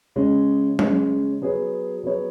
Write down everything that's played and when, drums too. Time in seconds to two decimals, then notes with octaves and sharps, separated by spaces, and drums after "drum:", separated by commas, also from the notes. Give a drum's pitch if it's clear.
0.16 C#3 G#3 C#4
0.79 C#3 G#3 C#4, drum: tom F#3
1.41 F#3 B3 G#4 C#5
2.03 F#3 B3 G#4 C#5